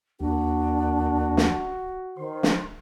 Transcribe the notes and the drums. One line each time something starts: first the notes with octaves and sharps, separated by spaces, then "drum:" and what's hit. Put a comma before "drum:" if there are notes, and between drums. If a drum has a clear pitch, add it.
D#2 A#3 D4 F#4
drum: snare
D#3 C5
drum: snare